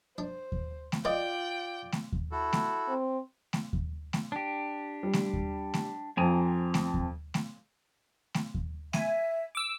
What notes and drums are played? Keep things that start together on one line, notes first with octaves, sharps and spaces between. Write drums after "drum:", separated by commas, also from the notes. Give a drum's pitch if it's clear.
D4 C5
drum: kick D#2
drum: snare A3
F4 C5 D5 D#5 F5 G5
drum: snare A3
drum: kick D#2
E4 F#4 A4
drum: snare A3
C4
drum: snare A3
drum: kick D#2
drum: snare A3
D4 G4
G3
drum: snare A3
drum: kick D#2
drum: snare A3
F2 F3 C4 G#5 A#5
drum: snare A3
drum: kick D#2
drum: snare A3
drum: snare A3
drum: kick D#2
E5 G#5, drum: snare A3
D6 E6